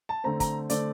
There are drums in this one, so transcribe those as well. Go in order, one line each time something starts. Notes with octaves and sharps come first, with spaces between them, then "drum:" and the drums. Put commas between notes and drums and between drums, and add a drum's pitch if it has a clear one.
A5
D3 A3 C4 A#5
A#5, drum: kick, hi-hat
D3 A3 C4 D5, drum: hi-hat